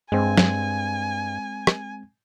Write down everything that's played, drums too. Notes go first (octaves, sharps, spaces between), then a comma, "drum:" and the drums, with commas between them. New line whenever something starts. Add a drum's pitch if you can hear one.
G2 G#3 C4 G#5
drum: snare F#3
drum: rim click